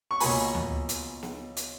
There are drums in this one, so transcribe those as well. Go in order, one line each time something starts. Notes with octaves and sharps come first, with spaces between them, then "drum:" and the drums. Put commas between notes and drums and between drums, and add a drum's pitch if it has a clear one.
C#6
C#2 B2 A#3 G#5 B5, drum: open hi-hat
drum: tom D2
drum: hi-hat
drum: snare
drum: hi-hat